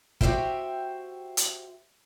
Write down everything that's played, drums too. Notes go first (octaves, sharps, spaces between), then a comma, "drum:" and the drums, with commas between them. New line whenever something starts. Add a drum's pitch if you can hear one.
F#4 G4 B4 C5 E5 G5, drum: kick
drum: hi-hat